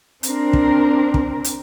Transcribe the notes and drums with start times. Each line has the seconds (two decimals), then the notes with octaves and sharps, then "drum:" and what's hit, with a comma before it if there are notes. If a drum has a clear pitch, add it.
0.23 C4 D4 A#4, drum: hi-hat
0.53 drum: kick
1.14 drum: kick
1.44 drum: hi-hat